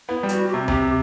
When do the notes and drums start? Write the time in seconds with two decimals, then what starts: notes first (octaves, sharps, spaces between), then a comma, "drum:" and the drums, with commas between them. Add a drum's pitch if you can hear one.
0.09 B3 E4
0.23 G3
0.29 F#4, drum: hi-hat
0.48 G4
0.54 C3
0.68 C3 G4, drum: tom D2